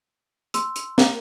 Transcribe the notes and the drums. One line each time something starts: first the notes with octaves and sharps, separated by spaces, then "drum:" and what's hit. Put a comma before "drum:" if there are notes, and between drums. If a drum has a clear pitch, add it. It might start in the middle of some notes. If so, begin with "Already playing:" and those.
C6 E6, drum: hi-hat
drum: hi-hat
A#3, drum: snare